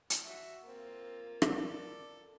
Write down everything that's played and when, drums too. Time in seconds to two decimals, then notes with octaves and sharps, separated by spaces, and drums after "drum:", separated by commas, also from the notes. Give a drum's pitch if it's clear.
0.10 drum: hi-hat
0.24 F#4 E5
0.65 A#3 C4 F4
1.42 A4 D5, drum: rim click